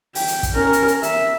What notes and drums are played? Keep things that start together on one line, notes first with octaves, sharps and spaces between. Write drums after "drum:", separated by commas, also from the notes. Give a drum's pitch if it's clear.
G5, drum: open hi-hat
drum: hi-hat
drum: kick, hi-hat
C#4 A#4
drum: hi-hat
drum: hi-hat
E5, drum: hi-hat